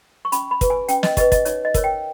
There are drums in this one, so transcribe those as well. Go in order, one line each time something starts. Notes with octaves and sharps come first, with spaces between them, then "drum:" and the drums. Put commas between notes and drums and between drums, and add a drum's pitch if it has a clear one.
C#6
C#4 B5, drum: hi-hat
B5
G4 B4, drum: kick, hi-hat
G#5
C#4 G5, drum: hi-hat
D#5, drum: snare
G4 B4 D#5, drum: kick, hi-hat
D#5, drum: kick, hi-hat
D#4 C#5, drum: hi-hat
D#5
A#4 C#5, drum: kick, hi-hat
G5